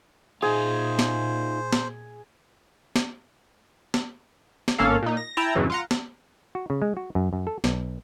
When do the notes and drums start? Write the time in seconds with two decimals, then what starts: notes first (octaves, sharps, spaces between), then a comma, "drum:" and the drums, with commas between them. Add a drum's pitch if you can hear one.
0.42 A#2 D#4 F4 G#4 C5
0.99 drum: snare
1.73 drum: snare
2.96 drum: snare
3.94 drum: snare
4.68 drum: snare
4.78 G#1 A#3 C#4 A4 F5
5.02 A#2 D#4
5.17 A#6
5.37 E4 G5 A5 A#5
5.55 F2 G#2 C#3 E3 F#3
5.70 F4 F#5 A#5
5.91 drum: snare
6.55 F#4
6.70 C#3
6.82 G#3
6.97 F#4
7.15 F#2
7.33 F#2
7.47 A4
7.64 B1, drum: snare